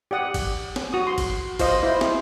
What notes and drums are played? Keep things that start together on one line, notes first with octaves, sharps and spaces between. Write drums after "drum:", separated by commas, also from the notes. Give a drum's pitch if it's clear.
G4 D5 F#5 D#6
drum: kick G1, cymbal
drum: snare
F#4 D#6
C6
drum: kick G1, cymbal
F4 C5 D#5, drum: kick G1, cymbal
E4 C5
drum: snare